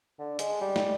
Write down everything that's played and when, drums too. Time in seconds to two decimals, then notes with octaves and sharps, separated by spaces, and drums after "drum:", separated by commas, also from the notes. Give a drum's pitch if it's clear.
0.19 D3
0.39 G#3, drum: hi-hat
0.61 G3
0.76 drum: snare